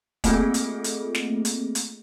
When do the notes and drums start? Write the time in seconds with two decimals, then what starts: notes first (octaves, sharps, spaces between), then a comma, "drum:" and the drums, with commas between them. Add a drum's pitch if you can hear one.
0.24 A3 A#3 C4 F4 G#4 A4, drum: kick, hi-hat
0.54 drum: hi-hat
0.84 drum: hi-hat
1.14 drum: snare
1.45 drum: hi-hat
1.75 drum: hi-hat